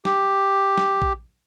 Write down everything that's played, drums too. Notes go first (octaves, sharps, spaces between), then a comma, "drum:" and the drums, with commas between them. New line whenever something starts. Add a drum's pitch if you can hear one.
G4, drum: snare
drum: snare
drum: kick A#1